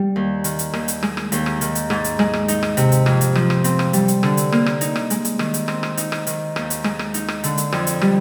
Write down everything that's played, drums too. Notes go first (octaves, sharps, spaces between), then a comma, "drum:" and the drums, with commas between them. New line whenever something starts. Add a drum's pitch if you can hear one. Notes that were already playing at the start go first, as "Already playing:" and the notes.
Already playing: G3
D#2
D#3, drum: hi-hat
drum: hi-hat
D#2, drum: rim click
drum: hi-hat
G#3, drum: rim click
drum: rim click
D#2, drum: hi-hat
drum: rim click
D#3, drum: hi-hat
drum: hi-hat
G#2, drum: rim click
drum: hi-hat
G#3, drum: rim click
drum: rim click
D#4, drum: hi-hat
drum: rim click
C3, drum: hi-hat
drum: hi-hat
F2, drum: rim click
drum: hi-hat
F3, drum: rim click
drum: rim click
C4, drum: hi-hat
drum: rim click
G3, drum: hi-hat
drum: hi-hat
D3, drum: rim click
drum: hi-hat
A#3, drum: rim click
drum: rim click
D#4, drum: hi-hat
drum: rim click
G#3, drum: hi-hat
drum: hi-hat
D#3, drum: rim click
drum: hi-hat
C4, drum: rim click
drum: rim click
D#4, drum: hi-hat
drum: rim click
D#3, drum: hi-hat
D#2, drum: rim click
drum: hi-hat
G#3, drum: rim click
drum: rim click
D#4, drum: hi-hat
drum: rim click
D3, drum: hi-hat
drum: hi-hat
F2, drum: rim click
drum: hi-hat
G3, drum: rim click